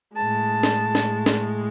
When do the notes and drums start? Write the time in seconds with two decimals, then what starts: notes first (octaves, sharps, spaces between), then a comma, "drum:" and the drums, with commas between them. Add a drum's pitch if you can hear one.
0.16 A2 G#3 A5
0.63 drum: snare
0.95 drum: snare
1.26 drum: snare